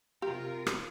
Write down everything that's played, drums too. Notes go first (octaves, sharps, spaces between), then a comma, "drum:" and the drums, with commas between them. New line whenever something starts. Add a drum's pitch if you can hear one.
C3 F4 G4 A#4 F5
drum: rim click